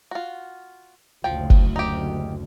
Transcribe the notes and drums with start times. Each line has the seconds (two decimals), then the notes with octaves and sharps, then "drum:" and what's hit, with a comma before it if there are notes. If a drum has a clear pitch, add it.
0.11 F4 F#4
1.24 F#1 D2 F3 G5
1.50 drum: kick
1.76 D#4 G4